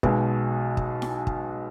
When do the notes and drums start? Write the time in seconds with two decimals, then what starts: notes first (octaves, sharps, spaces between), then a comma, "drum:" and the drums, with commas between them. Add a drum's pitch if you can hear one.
0.03 B1 B2 G#3, drum: kick
0.77 drum: kick
1.02 drum: snare E4
1.27 drum: kick